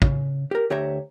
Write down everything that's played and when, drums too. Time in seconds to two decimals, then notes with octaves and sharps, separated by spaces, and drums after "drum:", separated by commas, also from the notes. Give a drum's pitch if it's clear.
0.02 C#3, drum: kick
0.51 G4 A#4
0.70 D2 G4 C#5 E5 A#5